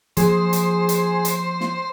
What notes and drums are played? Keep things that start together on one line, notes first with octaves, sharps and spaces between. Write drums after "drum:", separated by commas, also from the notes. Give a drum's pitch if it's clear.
F3 F#3 A#3 G#4 C5, drum: hi-hat
drum: hi-hat
drum: hi-hat
drum: hi-hat
drum: snare